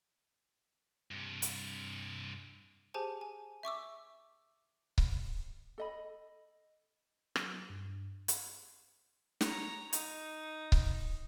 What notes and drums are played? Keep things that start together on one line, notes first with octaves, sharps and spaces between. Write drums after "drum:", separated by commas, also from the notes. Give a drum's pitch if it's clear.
G2 C3
drum: hi-hat
G4 G#4 C5 G#5 A5
G#5
E5 C#6 D6 E6
drum: kick C#1
A4 D#5 B5
F#3, drum: rim click
G2
drum: hi-hat
C#5 A#5, drum: snare
D#4, drum: hi-hat
drum: kick C#1